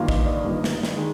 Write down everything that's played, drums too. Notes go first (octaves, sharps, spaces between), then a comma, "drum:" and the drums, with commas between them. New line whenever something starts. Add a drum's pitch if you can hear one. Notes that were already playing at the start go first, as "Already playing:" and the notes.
Already playing: G1 G2 D#3 A#3 F4 F5
D#5, drum: kick
D5
G1 G2 D#3 A#3 F4
drum: snare
drum: snare
D#3 G#3